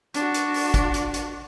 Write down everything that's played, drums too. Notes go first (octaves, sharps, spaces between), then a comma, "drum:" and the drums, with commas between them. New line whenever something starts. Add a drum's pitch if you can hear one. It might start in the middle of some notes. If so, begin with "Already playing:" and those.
D4 F#4, drum: hi-hat
drum: hi-hat
drum: open hi-hat
drum: kick, hi-hat
drum: hi-hat
drum: hi-hat